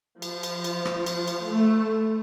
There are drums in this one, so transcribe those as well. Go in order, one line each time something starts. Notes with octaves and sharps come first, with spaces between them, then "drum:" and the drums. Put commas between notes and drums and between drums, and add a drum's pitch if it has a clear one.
F3, drum: cymbal
drum: cymbal
drum: cymbal
drum: rim click
drum: cymbal
drum: cymbal
A3